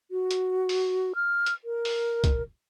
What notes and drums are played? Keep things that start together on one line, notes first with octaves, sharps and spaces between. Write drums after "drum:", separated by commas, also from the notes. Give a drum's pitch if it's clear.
F#4
drum: hi-hat
drum: open hi-hat
F6
drum: hi-hat
A#4
drum: open hi-hat
drum: kick C2, hi-hat